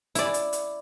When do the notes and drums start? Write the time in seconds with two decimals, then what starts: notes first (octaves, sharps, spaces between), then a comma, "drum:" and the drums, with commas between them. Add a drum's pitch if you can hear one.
0.15 E4 D5, drum: hi-hat
0.34 drum: hi-hat
0.53 drum: hi-hat